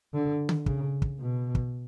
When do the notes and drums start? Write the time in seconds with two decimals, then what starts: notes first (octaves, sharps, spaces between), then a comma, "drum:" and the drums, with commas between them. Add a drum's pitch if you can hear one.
0.14 D3
0.49 drum: tom D3
0.66 C#3, drum: kick
1.02 drum: kick
1.20 B2
1.55 drum: kick